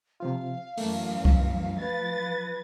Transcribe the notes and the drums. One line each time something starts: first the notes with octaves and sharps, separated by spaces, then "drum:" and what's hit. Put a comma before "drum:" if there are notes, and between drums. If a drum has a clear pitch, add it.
C3 F3 F4 F5
F#2 E3 A3 A#3, drum: open hi-hat
drum: kick C2
F3 B4 A6